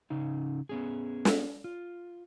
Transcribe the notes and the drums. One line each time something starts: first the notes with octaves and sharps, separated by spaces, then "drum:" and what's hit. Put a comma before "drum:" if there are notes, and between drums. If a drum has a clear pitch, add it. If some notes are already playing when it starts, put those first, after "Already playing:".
C#3 C#4 D#4 F5
B3 C#4 G#4
drum: snare
F4